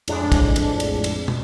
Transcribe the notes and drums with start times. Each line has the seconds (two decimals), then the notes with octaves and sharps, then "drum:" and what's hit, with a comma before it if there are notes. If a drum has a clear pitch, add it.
0.08 F2 A2 G#3 D4, drum: cymbal
0.32 drum: kick, cymbal
0.56 drum: cymbal
0.80 drum: cymbal
1.04 drum: cymbal
1.28 drum: tom